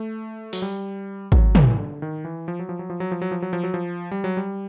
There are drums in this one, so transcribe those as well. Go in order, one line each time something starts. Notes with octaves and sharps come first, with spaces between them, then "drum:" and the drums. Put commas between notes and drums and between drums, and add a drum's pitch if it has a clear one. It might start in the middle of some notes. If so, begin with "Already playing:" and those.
Already playing: A3
F#3, drum: open hi-hat
G3
F#3, drum: kick
E3, drum: tom
D3
D#3
E3
F3
F#3
F3
F#3
F3
F#3
F3
F#3
F3
F#3
F3
F#3
F3
G3
F#3
G3